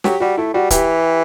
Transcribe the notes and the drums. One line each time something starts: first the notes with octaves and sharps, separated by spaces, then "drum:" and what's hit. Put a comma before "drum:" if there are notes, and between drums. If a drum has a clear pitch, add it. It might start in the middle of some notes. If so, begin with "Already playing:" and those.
F#3 G4, drum: snare
G3 F#4
A3 E4
G3 F#4
E3 G4, drum: kick, hi-hat